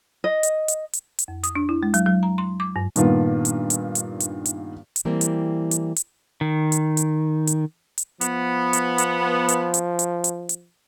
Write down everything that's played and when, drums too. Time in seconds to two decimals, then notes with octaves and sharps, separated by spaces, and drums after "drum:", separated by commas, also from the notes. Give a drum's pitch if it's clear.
0.24 D#5
0.43 drum: hi-hat
0.68 drum: hi-hat
0.93 drum: hi-hat
1.19 drum: hi-hat
1.28 F2
1.44 D#6, drum: hi-hat
1.55 D4
1.69 E4
1.83 G#3
1.94 F#3, drum: hi-hat
2.06 F#3
2.23 A#5
2.38 C6
2.60 D6
2.76 G2
2.96 G2 A#2 D#3 B3 F4, drum: hi-hat
3.45 drum: hi-hat
3.70 drum: hi-hat
3.95 drum: hi-hat
4.20 drum: hi-hat
4.46 drum: hi-hat
4.96 drum: hi-hat
5.05 E3 G3 A#3 C4
5.21 drum: hi-hat
5.71 drum: hi-hat
5.96 drum: hi-hat
6.41 D#3
6.72 drum: hi-hat
6.97 drum: hi-hat
7.47 drum: hi-hat
7.98 drum: hi-hat
8.21 F3 B3, drum: hi-hat
8.73 drum: hi-hat
8.98 drum: hi-hat
9.49 drum: hi-hat
9.74 drum: hi-hat
9.99 drum: hi-hat
10.24 drum: hi-hat
10.49 drum: hi-hat